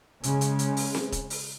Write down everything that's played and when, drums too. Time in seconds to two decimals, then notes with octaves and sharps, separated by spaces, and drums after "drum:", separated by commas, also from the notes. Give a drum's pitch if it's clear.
0.23 C#3 G#3 C#4, drum: hi-hat
0.41 drum: hi-hat
0.59 drum: hi-hat
0.77 drum: open hi-hat
0.94 drum: snare C4
1.12 drum: kick E1, hi-hat
1.30 drum: open hi-hat